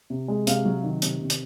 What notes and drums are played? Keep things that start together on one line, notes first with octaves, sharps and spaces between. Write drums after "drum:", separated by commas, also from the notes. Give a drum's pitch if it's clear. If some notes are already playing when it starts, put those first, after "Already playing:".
C3
G#3
C3 F5, drum: hi-hat
F#3
D#3
C3, drum: hi-hat
C3
drum: hi-hat